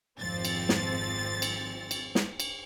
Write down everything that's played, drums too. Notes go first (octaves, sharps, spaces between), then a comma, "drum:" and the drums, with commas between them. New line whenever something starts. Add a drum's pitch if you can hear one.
G#1 F2 F3 C4 A6
drum: cymbal
drum: snare
drum: cymbal
drum: cymbal
drum: snare
drum: cymbal